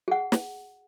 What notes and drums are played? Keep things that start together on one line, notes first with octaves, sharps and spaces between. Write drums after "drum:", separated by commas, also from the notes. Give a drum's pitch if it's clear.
G#4 F#5
drum: snare